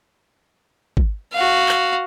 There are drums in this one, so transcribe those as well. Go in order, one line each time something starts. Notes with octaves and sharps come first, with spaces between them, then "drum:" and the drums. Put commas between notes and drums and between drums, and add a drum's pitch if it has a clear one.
drum: kick G#1
F#4 F5
drum: clap